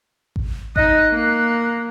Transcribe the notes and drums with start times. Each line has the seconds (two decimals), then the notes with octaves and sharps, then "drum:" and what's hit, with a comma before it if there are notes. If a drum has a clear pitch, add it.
0.36 drum: kick A1
0.76 D#4 D#5 F#6, drum: kick A1
1.11 A#3